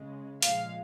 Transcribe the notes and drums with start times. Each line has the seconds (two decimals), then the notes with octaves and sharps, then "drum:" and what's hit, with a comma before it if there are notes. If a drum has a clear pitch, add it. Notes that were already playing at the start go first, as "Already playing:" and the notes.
Already playing: C#3 G#3
0.42 A#2 F3 G#3 F5, drum: hi-hat